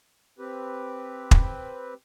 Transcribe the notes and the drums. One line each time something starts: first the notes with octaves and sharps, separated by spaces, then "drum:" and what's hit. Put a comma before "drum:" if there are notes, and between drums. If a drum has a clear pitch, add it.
C4 G4 B4
drum: kick